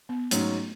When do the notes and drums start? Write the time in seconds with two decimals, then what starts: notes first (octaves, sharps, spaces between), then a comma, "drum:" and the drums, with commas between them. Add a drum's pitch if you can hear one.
0.09 B3
0.31 G#2 F#3 A3 C#4, drum: hi-hat